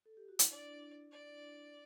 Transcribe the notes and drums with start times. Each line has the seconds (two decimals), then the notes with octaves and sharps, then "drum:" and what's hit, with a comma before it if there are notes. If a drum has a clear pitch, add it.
0.06 A4
0.17 G4
0.28 F#4
0.39 E4, drum: hi-hat
0.50 D4 D5
1.11 D5